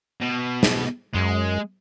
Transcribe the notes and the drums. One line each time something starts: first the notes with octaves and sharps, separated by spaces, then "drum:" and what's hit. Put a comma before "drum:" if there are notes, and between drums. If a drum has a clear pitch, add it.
B2
drum: snare
F#2 G#3